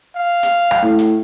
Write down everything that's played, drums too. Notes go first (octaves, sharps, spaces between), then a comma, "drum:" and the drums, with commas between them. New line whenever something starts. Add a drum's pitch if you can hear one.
F5
drum: hi-hat
drum: rim click
A2
drum: hi-hat